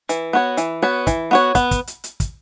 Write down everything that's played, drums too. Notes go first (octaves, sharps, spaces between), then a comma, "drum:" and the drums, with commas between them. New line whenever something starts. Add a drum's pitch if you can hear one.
E3, drum: hi-hat
B3 F#4 C#5
E3, drum: hi-hat
B3 F#4 C#5
E3, drum: kick, hi-hat
B3 F#4 C#5
B3, drum: kick, hi-hat
drum: kick, hi-hat
drum: hi-hat
drum: hi-hat
drum: kick, hi-hat